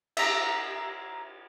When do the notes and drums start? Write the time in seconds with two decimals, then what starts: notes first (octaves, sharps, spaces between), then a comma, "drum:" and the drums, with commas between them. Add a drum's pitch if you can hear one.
0.17 E5 A#5, drum: cymbal